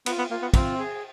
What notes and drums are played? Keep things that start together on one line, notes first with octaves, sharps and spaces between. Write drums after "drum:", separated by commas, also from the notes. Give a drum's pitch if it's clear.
B3 F4, drum: cymbal
B3
A#3 F4
B3
C4 F4, drum: kick, cymbal
G#4